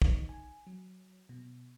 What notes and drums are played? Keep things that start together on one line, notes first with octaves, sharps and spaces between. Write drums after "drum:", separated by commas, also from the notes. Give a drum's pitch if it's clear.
D#4, drum: kick
G#5
F#3
B2